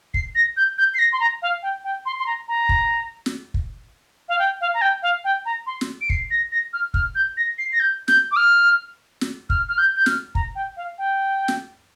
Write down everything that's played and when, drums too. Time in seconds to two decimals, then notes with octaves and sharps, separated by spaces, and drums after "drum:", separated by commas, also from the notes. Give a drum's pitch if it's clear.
0.14 C7, drum: kick
0.35 A#6
0.57 G6
0.78 G6
0.94 C7
0.99 A#6
1.12 C6
1.20 A#5
1.42 F5
1.63 G5
1.84 G5
2.06 C6
2.19 C6
2.27 A#5
2.48 A#5
2.69 drum: kick
3.26 drum: snare
3.54 drum: kick
4.29 F5
4.39 G5
4.61 F5
4.74 A#5
4.82 G5
5.02 F5
5.24 G5
5.46 A#5
5.67 C6
5.81 drum: snare
6.01 D7
6.10 C7, drum: kick
6.31 A#6
6.52 A#6
6.73 F6
6.94 F6, drum: kick
7.15 G6
7.37 A#6
7.58 C7
7.73 A#6
7.80 G6
8.08 G6, drum: snare
8.32 D6
8.36 F6
9.21 drum: snare
9.50 F6, drum: kick
9.69 F6
9.78 G6
9.96 G6
10.06 F6, drum: snare
10.35 A#5, drum: kick
10.55 G5
10.77 F5
10.98 G5
11.48 drum: snare